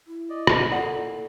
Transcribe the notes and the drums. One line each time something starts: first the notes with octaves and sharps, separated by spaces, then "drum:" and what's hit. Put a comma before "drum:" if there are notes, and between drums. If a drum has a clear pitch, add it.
E4
D5 D#5
drum: rim click
A#2 E4 A4 D5 F#5